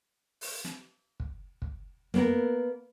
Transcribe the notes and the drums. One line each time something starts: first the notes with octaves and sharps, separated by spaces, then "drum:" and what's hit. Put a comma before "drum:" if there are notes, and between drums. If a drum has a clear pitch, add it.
drum: open hi-hat
drum: snare
drum: kick
drum: kick
A#3 B3 A#4, drum: snare